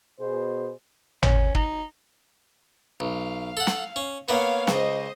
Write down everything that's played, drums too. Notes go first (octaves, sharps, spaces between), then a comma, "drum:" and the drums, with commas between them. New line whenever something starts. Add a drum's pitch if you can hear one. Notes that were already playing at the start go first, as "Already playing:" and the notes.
B2 G#4 C5
C#4, drum: tom
D#4, drum: kick
B1 F5
A4 F#5
drum: snare
C#4
A#3 B3 C#5 F5
C#2 C5 D#5, drum: snare